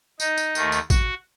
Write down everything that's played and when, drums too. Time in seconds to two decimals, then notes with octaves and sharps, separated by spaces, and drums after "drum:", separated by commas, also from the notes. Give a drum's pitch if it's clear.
0.20 D#4, drum: tambourine
0.37 drum: tambourine
0.55 D#2 D#3 A3, drum: tambourine
0.72 drum: tambourine
0.90 F#4, drum: kick, tambourine